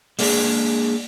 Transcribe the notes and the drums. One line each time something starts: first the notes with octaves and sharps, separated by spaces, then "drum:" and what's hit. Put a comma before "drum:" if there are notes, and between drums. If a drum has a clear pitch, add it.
G#3 A#3 D4 D#4 G#4, drum: open hi-hat